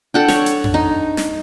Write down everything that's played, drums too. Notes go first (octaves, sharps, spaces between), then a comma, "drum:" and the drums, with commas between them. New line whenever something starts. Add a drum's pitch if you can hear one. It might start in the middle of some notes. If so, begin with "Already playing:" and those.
D4 A4 F#5 G5
C#5, drum: snare
drum: hi-hat
drum: tom F2
D#4
drum: snare